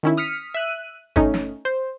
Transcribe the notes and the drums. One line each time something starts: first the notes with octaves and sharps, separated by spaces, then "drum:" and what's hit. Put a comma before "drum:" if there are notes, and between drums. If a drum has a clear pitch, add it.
D#3 C#4 E4
D#6 F6 B6 C#7
E5 F#6 D#7
A3 C#4 D#4, drum: kick
drum: snare
C5